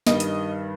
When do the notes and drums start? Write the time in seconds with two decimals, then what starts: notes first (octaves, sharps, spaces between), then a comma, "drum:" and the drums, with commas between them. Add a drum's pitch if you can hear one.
0.07 G2 D#3 G3 D#5, drum: snare
0.20 drum: hi-hat